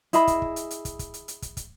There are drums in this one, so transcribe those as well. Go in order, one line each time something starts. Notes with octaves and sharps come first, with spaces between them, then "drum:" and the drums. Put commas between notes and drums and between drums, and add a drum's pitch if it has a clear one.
E4 G#4 D#5 B5, drum: hi-hat
drum: kick, hi-hat
drum: kick
drum: hi-hat
drum: hi-hat
drum: kick, hi-hat
drum: kick, hi-hat
drum: hi-hat
drum: hi-hat
drum: kick, hi-hat
drum: kick, hi-hat